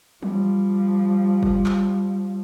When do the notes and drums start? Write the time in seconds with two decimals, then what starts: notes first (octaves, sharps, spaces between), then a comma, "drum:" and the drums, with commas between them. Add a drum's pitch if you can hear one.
0.23 F3 G3, drum: tom E3
1.43 drum: kick
1.66 drum: clap